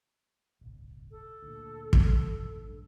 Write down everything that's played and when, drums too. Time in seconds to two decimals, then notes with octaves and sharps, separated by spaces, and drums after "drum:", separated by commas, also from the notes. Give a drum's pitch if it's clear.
0.61 D#1 G#1 C#2
1.11 A4
1.42 D2 A#2
1.93 drum: kick
2.35 A#1 D#2
2.64 A1 G2